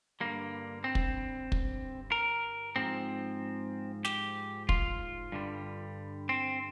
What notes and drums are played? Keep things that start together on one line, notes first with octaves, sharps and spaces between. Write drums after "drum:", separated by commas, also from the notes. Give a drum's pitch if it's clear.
G2 D3 G3 A#3
C4
drum: kick
drum: kick
A#4
G#2 F3 C4
G4, drum: snare
F4, drum: kick
G2 D3 G3
C4